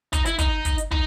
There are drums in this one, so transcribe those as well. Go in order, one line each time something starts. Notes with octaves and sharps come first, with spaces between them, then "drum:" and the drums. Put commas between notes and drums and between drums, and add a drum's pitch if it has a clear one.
D#4, drum: kick, hi-hat
E4, drum: hi-hat
D#4, drum: kick, hi-hat
drum: kick, hi-hat
drum: hi-hat
D#4, drum: kick